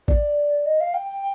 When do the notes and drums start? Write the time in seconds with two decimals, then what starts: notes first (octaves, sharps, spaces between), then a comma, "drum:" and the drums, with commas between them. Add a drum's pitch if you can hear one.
0.08 D5, drum: kick G#1
0.66 D#5
0.81 F5
0.94 G5